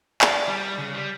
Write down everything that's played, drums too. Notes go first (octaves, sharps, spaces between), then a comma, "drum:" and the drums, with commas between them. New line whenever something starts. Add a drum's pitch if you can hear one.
D5, drum: clap
G3
C#3
G3